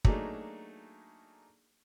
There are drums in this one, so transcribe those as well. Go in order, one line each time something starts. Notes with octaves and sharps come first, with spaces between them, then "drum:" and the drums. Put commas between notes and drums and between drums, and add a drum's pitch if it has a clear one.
F#3 A3 A#3 D4 D#4 G#4, drum: kick